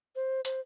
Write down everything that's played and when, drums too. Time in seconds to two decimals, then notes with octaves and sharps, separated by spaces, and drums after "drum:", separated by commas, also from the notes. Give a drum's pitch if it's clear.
0.16 C5
0.45 C5, drum: hi-hat